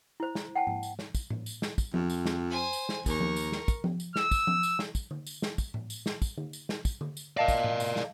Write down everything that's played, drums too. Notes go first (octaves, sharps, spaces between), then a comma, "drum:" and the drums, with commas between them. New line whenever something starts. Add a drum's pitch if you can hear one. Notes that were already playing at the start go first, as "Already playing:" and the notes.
E4 C5
drum: snare
F#5 G5 A5
drum: tom G#2
drum: tambourine
drum: snare
drum: kick, tambourine
drum: tom A2
drum: tambourine
drum: snare
drum: kick, tambourine
F2, drum: tom F3
drum: tambourine
drum: snare
C5 G#5
drum: tambourine
drum: snare
D#2 A#4 C#6, drum: kick, tambourine
drum: tom F3
drum: tambourine
drum: snare
drum: kick, tambourine
drum: tom F3
drum: tambourine
E6, drum: snare
drum: kick, tambourine
drum: tom F3
drum: tambourine
drum: snare
drum: kick, tambourine
drum: tom D3
drum: tambourine
drum: snare
drum: kick, tambourine
drum: tom A2
drum: tambourine
drum: snare
drum: kick, tambourine
drum: tom D3
drum: tambourine
drum: snare
drum: kick, tambourine
drum: tom D3
drum: tambourine
A#4 D5 D#5 F5 A5
drum: kick, tambourine
drum: tom A2
drum: tambourine
drum: snare